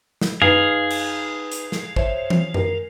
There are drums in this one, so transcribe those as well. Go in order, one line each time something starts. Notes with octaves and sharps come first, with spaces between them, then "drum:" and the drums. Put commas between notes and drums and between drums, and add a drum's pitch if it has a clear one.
drum: snare
D#4 G#4 B4 F5, drum: tom F#2
drum: cymbal
drum: hi-hat
drum: snare
C5 C#5 E5, drum: kick
drum: tom E3
A#4, drum: tom F#2